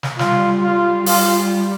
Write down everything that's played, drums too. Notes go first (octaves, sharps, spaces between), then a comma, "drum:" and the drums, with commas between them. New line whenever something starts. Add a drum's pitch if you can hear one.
drum: snare
G3 F4, drum: snare
F4
G3 F4, drum: open hi-hat